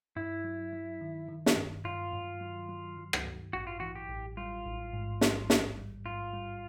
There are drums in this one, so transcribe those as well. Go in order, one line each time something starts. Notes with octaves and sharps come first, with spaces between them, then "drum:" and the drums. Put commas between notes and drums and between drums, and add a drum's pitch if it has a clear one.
G2 E4
F#3
F#3
D#3
D#3
drum: snare
G2
G2 F4
G2
F#3
F#3
F#3
drum: rim click
G2
A1 F#4
F4
E3 F#4
G4
A1
G3 F4
A1
G#2
G3, drum: snare
A1, drum: snare
G3
G#2 F4
G3